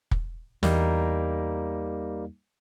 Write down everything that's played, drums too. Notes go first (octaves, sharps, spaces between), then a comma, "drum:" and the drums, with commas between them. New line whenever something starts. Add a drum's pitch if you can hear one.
drum: kick
E2 G3 A#3 D#4, drum: snare